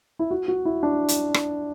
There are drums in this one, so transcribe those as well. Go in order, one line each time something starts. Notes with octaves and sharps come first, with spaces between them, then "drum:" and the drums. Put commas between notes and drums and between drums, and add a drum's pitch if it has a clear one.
E4
F#4
F#4
E4
D4
drum: hi-hat
drum: rim click